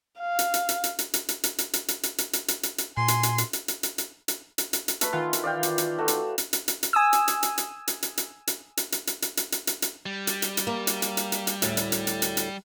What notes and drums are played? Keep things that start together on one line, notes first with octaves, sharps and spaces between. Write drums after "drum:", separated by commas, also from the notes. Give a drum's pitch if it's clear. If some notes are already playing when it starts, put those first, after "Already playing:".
F5
drum: hi-hat
drum: hi-hat
drum: hi-hat
drum: hi-hat
drum: hi-hat
drum: hi-hat
drum: hi-hat
drum: hi-hat
drum: hi-hat
drum: hi-hat
drum: hi-hat
drum: hi-hat
drum: hi-hat
drum: hi-hat
drum: hi-hat
drum: hi-hat
drum: hi-hat
A#2 G#5 C6
drum: hi-hat
drum: hi-hat
drum: hi-hat
drum: hi-hat
drum: hi-hat
drum: hi-hat
drum: hi-hat
drum: hi-hat
drum: hi-hat
drum: hi-hat
drum: hi-hat
A3 B4, drum: hi-hat
D#3 E3 F4 F#5
drum: hi-hat
D5 F5 G5
drum: hi-hat
drum: hi-hat
A3 F#4
drum: hi-hat
drum: hi-hat
drum: hi-hat
drum: hi-hat
drum: hi-hat
G#5 D#6 E6
drum: hi-hat
drum: hi-hat
drum: hi-hat
drum: hi-hat
drum: hi-hat
drum: hi-hat
drum: hi-hat
drum: hi-hat
drum: hi-hat
drum: hi-hat
drum: hi-hat
drum: hi-hat
drum: hi-hat
drum: hi-hat
drum: hi-hat
drum: hi-hat
G3
drum: hi-hat
drum: hi-hat
drum: hi-hat
A#3
drum: hi-hat
drum: hi-hat
drum: hi-hat
drum: hi-hat
drum: hi-hat
D2 A2, drum: hi-hat
drum: hi-hat
drum: hi-hat
drum: hi-hat
drum: hi-hat
drum: hi-hat